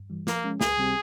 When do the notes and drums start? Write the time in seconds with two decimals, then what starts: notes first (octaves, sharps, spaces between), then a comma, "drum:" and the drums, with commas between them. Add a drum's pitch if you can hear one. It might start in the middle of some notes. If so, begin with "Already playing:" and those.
Already playing: G2
0.10 E3 G3
0.27 F3 A#3, drum: snare
0.44 G#3 C#4
0.61 C#2 G#4, drum: snare
0.77 C3 G3 C4 G4